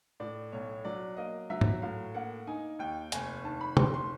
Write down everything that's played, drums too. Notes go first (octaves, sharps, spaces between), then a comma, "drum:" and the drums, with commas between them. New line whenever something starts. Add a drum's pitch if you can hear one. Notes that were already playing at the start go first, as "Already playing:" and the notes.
A2 D5
B1 C#5
F#3 D5
A#3 D#5
F#3 E5
drum: tom G#2
A2 F5
A#3 F#5
D#4 G#5
D#2 G5
F1 G#5, drum: hi-hat
D#3 A5
B5
F1 C6, drum: tom
C6